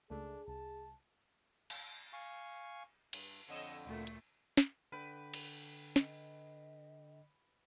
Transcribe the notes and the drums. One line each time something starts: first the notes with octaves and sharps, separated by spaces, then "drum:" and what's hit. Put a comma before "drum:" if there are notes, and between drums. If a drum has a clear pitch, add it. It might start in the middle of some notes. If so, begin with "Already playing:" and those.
C#2 A3 D4 G#4
C2 A5
drum: cymbal
F5 G#5 C#6
G2, drum: cymbal
F2 D3 C#5 D#5 E6
D2 A#2 A3
drum: hi-hat
drum: snare
D3 B4 G5
drum: cymbal
D#5, drum: snare